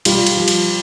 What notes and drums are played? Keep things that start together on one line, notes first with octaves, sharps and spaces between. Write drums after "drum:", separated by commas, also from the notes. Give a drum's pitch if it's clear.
G3 F4, drum: cymbal
drum: cymbal
F3
drum: cymbal